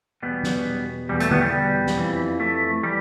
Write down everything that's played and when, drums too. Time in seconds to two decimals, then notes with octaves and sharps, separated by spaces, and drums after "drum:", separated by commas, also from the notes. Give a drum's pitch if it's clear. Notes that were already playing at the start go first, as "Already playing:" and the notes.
0.22 E2 B2 G3 B3
0.43 drum: snare
1.09 E2 B2 G3
1.20 A3, drum: hi-hat
1.31 G3 B3, drum: tom
1.42 G3
1.86 drum: snare
1.96 F2 E3
2.40 A3
2.83 E3 G3